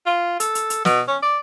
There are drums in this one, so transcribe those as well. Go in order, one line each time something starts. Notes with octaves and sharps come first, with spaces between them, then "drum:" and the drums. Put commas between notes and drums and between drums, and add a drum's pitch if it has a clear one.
F4
A4, drum: hi-hat
drum: hi-hat
drum: hi-hat
B2, drum: snare
C#4
D5